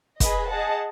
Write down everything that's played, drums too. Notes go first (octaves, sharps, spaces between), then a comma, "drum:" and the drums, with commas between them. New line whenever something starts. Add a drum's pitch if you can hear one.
G#4 B4 D#5, drum: kick, hi-hat
G#4 D#5 F#5 A5